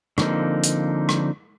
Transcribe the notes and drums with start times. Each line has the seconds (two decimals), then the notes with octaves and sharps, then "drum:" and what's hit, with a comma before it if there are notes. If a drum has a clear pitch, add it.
0.18 D3 F3 A#3 C4 D#4, drum: rim click
0.63 drum: hi-hat
1.09 drum: rim click